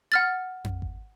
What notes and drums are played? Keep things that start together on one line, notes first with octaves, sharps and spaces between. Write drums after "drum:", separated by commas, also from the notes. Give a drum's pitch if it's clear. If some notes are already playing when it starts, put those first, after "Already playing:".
F#5 F6 A6
drum: tom F2
drum: kick G#1